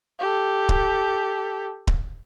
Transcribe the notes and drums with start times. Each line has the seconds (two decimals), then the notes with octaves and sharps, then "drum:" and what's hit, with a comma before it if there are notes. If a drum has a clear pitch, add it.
0.20 G4 A4
0.69 drum: kick D1
1.87 drum: kick D1